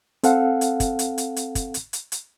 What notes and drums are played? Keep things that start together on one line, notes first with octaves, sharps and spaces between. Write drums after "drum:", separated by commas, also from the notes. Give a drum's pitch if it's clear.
C4 A4 F5 F#5, drum: hi-hat
drum: hi-hat
drum: kick, hi-hat
drum: hi-hat
drum: hi-hat
drum: hi-hat
drum: kick, hi-hat
drum: hi-hat
drum: hi-hat
drum: hi-hat